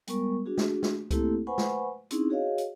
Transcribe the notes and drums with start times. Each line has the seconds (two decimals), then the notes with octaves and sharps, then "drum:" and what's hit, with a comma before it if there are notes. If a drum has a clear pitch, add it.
0.07 G3 G#3 B3 A#4 C#6, drum: hi-hat
0.46 D4 F#4 G#4
0.58 drum: snare
0.83 drum: snare
1.11 A3 A#3 C4 E4 G4 A4, drum: kick C#2, hi-hat
1.47 B4 C5 F#5 G#5 B5 C#6
1.58 drum: snare
2.11 C4 C#4 D#4 E4 G#4, drum: hi-hat
2.29 F#4 G#4 C#5 D#5 F5
2.58 drum: hi-hat